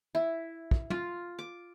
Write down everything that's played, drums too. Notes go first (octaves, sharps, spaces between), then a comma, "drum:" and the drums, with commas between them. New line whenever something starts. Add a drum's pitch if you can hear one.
E4
drum: kick
F4, drum: tom
D6